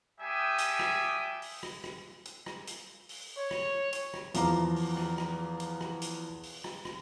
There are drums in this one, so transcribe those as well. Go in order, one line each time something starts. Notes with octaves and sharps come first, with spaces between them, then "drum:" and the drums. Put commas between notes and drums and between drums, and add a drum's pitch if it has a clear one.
G3 G4 E5 G5 G#5 D#6
drum: hi-hat
drum: rim click
drum: open hi-hat
drum: rim click
drum: rim click
drum: hi-hat
drum: rim click
drum: hi-hat
drum: open hi-hat
C#5
drum: rim click
drum: hi-hat
drum: rim click
E2 F3 F5 A#5 D6, drum: hi-hat
drum: open hi-hat
drum: rim click
drum: rim click
drum: hi-hat
drum: rim click
drum: hi-hat
drum: open hi-hat
drum: rim click
drum: rim click